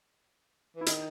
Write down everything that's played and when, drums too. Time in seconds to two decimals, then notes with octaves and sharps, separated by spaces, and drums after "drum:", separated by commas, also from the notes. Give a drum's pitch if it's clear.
0.76 E3 E4
0.86 D#3 D#4, drum: hi-hat